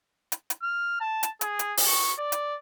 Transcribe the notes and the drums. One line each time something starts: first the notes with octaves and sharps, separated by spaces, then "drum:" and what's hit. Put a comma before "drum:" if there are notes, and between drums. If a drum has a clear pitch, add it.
drum: hi-hat
drum: hi-hat
F6
A5
drum: hi-hat
G#4, drum: hi-hat
drum: hi-hat
drum: open hi-hat
C#6
D5
drum: hi-hat